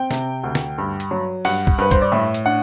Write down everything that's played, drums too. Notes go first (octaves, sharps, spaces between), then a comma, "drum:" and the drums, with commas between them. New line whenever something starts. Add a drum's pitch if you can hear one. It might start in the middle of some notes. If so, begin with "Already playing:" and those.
Already playing: C4 G5
C3, drum: snare
D2
drum: snare
G2
drum: hi-hat
F#3
G2 F#5, drum: open hi-hat
drum: kick
G2 B4
C5, drum: kick, hi-hat
D5
A2 E5
drum: hi-hat
D4 F#5